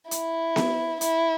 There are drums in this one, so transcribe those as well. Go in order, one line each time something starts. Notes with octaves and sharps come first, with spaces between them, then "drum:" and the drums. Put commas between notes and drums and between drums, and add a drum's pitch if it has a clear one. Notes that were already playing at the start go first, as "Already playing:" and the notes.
E4, drum: hi-hat
drum: snare B3
E4, drum: hi-hat